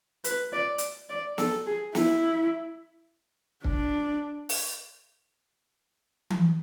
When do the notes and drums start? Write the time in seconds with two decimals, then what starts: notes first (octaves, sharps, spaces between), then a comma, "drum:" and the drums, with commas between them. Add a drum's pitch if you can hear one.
0.24 B4, drum: hi-hat
0.52 D5
0.78 drum: hi-hat
1.09 D5
1.38 A4, drum: snare
1.66 G#4
1.95 E4, drum: snare
3.64 D4, drum: kick
4.49 drum: open hi-hat
6.30 drum: tom E3